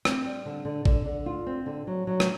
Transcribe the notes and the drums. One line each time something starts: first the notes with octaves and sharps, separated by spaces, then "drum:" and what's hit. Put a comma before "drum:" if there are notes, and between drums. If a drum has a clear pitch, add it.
C4, drum: rim click
G3
D3
D3
D3, drum: kick G#1
D3
F4
C4
D3
F#3
F#3
drum: rim click